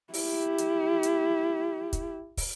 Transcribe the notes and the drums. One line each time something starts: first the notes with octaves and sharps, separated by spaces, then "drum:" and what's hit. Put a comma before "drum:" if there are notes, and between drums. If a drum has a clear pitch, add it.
E4 G4, drum: open hi-hat
drum: hi-hat
drum: hi-hat
drum: kick, hi-hat
drum: kick, open hi-hat